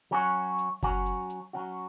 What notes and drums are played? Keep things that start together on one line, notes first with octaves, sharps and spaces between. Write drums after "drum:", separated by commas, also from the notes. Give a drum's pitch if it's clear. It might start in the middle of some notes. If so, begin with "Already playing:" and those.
F#3 C#4 F#4
drum: hi-hat
F#3 C#4 F#4, drum: kick F#1, hi-hat
drum: hi-hat
drum: hi-hat
F#3 C#4 F#4